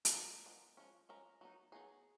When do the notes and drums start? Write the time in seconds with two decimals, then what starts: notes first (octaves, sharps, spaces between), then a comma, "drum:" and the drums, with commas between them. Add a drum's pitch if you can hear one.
0.05 A4, drum: hi-hat
0.14 F3 G#3 B3 D4 A#4
0.46 F3 G#3 B3 D4
0.77 F3 G#3 C#4
1.09 F3 G#3 C#4 A#4
1.41 F#3 B3 D#4
1.72 F#3 B3 D#4 G#4